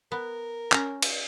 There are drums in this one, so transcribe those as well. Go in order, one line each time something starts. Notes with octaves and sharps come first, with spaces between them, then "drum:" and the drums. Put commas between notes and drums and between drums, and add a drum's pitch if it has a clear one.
B3 A#4
C#4 A#5, drum: clap
drum: cymbal